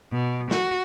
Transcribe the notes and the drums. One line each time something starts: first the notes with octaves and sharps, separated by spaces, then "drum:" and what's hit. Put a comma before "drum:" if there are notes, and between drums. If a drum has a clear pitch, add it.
B2
F#4, drum: snare